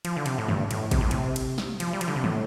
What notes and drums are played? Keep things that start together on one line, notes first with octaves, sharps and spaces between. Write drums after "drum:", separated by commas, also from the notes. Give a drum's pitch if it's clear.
F3, drum: cymbal
D3
C3, drum: cymbal
A2
G2, drum: tom
A2, drum: cymbal
C3, drum: kick, cymbal
A2
C3, drum: cymbal
drum: cymbal
drum: snare
F3, drum: cymbal
G3
F3, drum: cymbal
D3
C3
A2, drum: tom